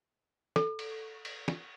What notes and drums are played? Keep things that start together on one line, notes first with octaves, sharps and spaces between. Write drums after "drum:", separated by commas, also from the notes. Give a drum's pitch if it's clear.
A4, drum: snare
drum: cymbal
drum: cymbal
drum: snare